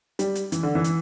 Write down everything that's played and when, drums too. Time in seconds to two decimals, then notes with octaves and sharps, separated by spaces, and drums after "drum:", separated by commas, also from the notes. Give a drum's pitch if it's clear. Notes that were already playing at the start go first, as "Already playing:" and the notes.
0.19 G3, drum: hi-hat
0.35 drum: hi-hat
0.52 E3, drum: hi-hat
0.63 D3
0.75 E3
0.84 drum: hi-hat